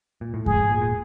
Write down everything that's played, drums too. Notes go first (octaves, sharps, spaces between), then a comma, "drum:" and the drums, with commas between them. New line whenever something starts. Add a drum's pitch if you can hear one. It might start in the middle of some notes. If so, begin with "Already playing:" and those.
A#2
A2
G#2 G#4, drum: kick E2
A#2
A#2